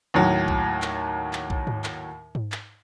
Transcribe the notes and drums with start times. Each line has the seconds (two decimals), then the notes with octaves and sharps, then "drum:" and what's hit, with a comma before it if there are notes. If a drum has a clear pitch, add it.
0.14 D#2 A2 F#3
0.48 drum: kick
0.82 drum: clap
1.33 drum: clap
1.50 drum: kick
1.67 drum: tom G#2
1.84 drum: clap
2.35 drum: tom G#2
2.52 drum: clap